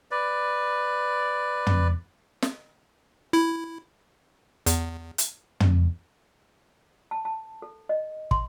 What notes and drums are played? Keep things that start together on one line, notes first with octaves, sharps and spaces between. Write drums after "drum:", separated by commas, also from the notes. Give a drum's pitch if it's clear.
B4 D5
drum: tom
drum: snare
E4
E2, drum: hi-hat
drum: hi-hat
drum: tom
A5
A5
A4
D#5
C6, drum: kick